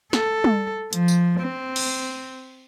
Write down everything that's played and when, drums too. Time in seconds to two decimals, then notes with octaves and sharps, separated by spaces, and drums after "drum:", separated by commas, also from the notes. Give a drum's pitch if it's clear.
0.13 A4, drum: snare
0.44 drum: tom G3
0.93 F3, drum: hi-hat
1.08 drum: tambourine
1.41 C4
1.76 drum: cymbal